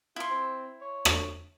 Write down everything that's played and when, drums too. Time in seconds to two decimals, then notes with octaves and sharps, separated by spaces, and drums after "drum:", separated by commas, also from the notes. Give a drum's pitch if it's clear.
0.16 E4 F4 C6
0.30 C4
0.81 C#5
1.05 drum: rim click